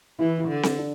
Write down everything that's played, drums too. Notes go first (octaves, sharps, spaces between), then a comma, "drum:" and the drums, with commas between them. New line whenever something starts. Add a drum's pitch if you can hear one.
E3 E4
E4
D3
drum: snare C4
D4